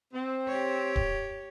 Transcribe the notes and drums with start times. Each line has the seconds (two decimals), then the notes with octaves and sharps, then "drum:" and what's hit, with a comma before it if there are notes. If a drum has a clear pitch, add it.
0.13 C4
0.48 G4 C#5
0.96 drum: kick D1